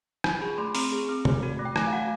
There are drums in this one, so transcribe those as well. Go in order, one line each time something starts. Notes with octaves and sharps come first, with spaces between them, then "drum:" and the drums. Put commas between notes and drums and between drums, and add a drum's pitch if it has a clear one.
F4 B5, drum: rim click
G#4 B5
A3 C6
C4 A#5, drum: open hi-hat
G#4
C4
A3, drum: tom
F#4
A3
G5
A3 G#5, drum: rim click
F5
F#4 F#5